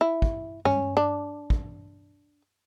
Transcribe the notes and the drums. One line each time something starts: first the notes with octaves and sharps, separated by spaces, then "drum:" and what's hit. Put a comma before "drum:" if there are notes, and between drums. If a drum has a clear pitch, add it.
E4
drum: kick
C#4, drum: tom G2
D4
drum: kick